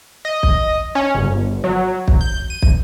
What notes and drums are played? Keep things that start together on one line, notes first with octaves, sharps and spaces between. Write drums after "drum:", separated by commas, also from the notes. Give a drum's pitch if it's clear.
D#5
drum: kick
C#4
G1
F#3
drum: kick
G6
D#7
drum: kick